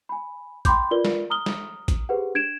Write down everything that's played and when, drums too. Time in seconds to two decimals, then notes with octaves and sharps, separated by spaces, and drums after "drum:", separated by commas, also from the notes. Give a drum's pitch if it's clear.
0.09 G#5 B5
0.65 G5 B5 C6 D6 G6, drum: kick A1, hi-hat
0.91 F4 A#4 B4 D5 G7
1.05 drum: snare
1.30 A#5 D#6 F6 G7
1.46 drum: snare
1.88 drum: kick A1, hi-hat
2.09 G4 G#4 B4 C5 F#5
2.35 D4 G#6 D7 E7